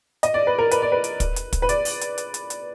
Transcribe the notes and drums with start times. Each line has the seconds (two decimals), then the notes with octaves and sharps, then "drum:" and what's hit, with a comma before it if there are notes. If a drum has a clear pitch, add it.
0.23 D#5, drum: hi-hat
0.34 D5
0.47 B4
0.59 A#4
0.71 B4, drum: hi-hat
0.82 D5
0.92 B4
1.04 drum: hi-hat
1.20 drum: kick, hi-hat
1.36 drum: hi-hat
1.53 drum: kick, hi-hat
1.62 B4
1.69 D5, drum: hi-hat
1.85 drum: open hi-hat
2.01 drum: hi-hat
2.18 drum: hi-hat
2.34 drum: hi-hat
2.50 drum: hi-hat